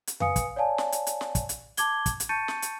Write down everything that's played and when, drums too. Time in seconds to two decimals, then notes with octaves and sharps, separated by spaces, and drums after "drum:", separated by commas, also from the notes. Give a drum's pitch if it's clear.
0.07 drum: hi-hat
0.20 B4 F5 G#5 D#6 C#7, drum: tom F2
0.36 drum: kick, hi-hat
0.56 C#5 D5 F5 G#5 A5
0.78 drum: snare
0.92 drum: hi-hat
1.07 drum: hi-hat
1.21 drum: snare
1.35 drum: kick, hi-hat
1.49 drum: hi-hat
1.77 A5 D6 G#6 G7, drum: hi-hat
2.06 drum: kick, hi-hat
2.20 drum: hi-hat
2.29 A5 C#6 G6 A6 C#7 D#7
2.48 drum: snare
2.62 drum: hi-hat